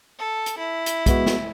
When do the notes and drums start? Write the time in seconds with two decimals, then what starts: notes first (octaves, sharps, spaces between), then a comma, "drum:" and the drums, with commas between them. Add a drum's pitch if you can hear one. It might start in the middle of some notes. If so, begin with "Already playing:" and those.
0.19 A4
0.46 drum: hi-hat
0.58 E4
0.86 drum: hi-hat
1.06 G#3 B3 F#4, drum: kick, hi-hat
1.26 drum: snare